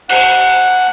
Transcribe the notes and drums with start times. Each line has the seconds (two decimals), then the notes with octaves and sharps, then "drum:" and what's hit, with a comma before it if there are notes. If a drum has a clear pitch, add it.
0.09 F#5, drum: cymbal